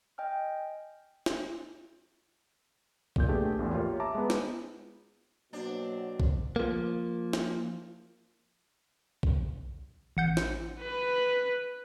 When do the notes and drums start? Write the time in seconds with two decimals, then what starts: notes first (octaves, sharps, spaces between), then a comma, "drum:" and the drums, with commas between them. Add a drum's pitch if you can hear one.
0.18 D#5 G5 G#5 F6
1.26 drum: snare
3.16 B1 A#2 G6, drum: kick B1
3.28 A3 B3 D4 G4 G#4
3.59 A#1 E2 A2
3.74 F4 G4 A#4 C#5
4.00 E5 A5 A#5 D6
4.15 G#3 B3
4.30 drum: snare
5.53 B2 F#3 A#3 C4 D4 F#4
6.20 drum: kick B1
6.56 F3 A#3
7.33 drum: snare
9.23 drum: kick B1
10.17 A1 F#5 G6
10.37 drum: snare
10.81 B4